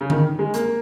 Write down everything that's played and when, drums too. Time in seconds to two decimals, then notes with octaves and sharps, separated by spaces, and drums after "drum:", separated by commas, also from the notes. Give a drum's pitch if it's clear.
0.01 C#3
0.10 D#3, drum: tom D3
0.39 G#3
0.54 A#3, drum: hi-hat